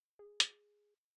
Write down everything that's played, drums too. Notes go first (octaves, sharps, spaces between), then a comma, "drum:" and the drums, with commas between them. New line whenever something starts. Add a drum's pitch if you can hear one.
G#4
drum: hi-hat